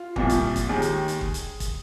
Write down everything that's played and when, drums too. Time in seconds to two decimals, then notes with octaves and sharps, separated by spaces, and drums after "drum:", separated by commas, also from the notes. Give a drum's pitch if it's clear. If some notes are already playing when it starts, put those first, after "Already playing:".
Already playing: F4
0.16 C2 A#2 F3, drum: kick
0.30 drum: kick, hi-hat
0.56 drum: kick, hi-hat
0.69 D#2 D#3 G#4
0.82 drum: hi-hat
1.08 drum: hi-hat
1.21 drum: kick
1.34 drum: hi-hat
1.60 drum: kick, hi-hat